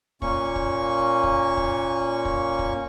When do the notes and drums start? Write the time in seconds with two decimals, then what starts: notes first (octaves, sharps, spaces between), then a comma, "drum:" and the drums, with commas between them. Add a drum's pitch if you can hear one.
0.22 A#2 A#3 C#4 C#6, drum: kick
0.56 drum: kick
1.23 drum: kick
1.57 drum: kick
2.25 drum: kick
2.59 drum: kick